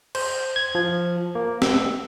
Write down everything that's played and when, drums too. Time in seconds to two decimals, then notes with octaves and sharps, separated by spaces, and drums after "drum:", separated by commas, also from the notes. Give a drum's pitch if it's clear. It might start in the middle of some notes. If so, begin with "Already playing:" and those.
0.15 C5, drum: cymbal
0.56 G#6
0.75 F3
1.35 A#3
1.62 E6, drum: snare